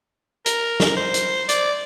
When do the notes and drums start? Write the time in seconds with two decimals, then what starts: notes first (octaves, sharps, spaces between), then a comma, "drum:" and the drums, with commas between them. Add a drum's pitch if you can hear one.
0.46 A#4, drum: hi-hat
0.80 drum: snare
0.97 C5
1.14 drum: hi-hat
1.49 D5, drum: hi-hat